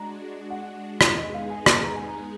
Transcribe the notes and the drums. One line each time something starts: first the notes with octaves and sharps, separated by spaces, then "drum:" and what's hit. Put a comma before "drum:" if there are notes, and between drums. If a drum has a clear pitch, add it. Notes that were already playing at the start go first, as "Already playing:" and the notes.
Already playing: G#3 D4 F#4 A#5
F#5
drum: rim click
G#3 B3 D#4 G#4 D#5
F5
G#5
G#5, drum: rim click
A#5
G#5
A#5